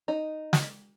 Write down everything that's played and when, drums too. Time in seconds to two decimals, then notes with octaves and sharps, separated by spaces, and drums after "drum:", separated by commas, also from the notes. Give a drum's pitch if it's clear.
0.08 D#4
0.53 drum: snare